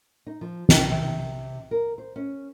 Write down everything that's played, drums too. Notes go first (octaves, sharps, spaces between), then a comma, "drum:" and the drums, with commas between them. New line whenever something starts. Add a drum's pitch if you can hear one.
D#4
F3
D#3, drum: snare
C3
A#4
C5
C#4